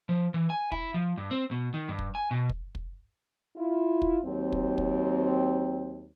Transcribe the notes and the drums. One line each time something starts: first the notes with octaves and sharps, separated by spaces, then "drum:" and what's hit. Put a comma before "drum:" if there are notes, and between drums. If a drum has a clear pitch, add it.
F3
E3
G#5
E4, drum: kick
F3
G2
C4
B2
D#3
G2
drum: kick
G#5
B2
drum: kick
drum: kick
E4 F4
drum: kick
D#2 F#3 C4
drum: kick
drum: kick